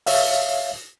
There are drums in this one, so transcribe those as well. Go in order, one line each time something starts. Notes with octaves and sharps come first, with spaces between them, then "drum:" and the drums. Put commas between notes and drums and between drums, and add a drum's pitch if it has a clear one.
C#5 E5 F5, drum: open hi-hat